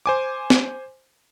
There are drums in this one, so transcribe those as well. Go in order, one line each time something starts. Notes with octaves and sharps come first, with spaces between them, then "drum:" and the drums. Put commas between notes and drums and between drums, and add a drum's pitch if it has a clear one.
C5 G#5 D6
drum: snare